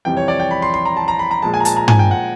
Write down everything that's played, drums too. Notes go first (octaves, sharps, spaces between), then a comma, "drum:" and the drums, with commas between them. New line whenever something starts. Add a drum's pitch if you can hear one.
F2 C3 E3 G3 G5
C#5
D5
G5
B5
C6
C6
A#5
A5
A#5
B5
A#5
A#2 F3 G#3 A5
G#5
A#5
A5, drum: hi-hat
A#5
G#5, drum: tom
G5
F#5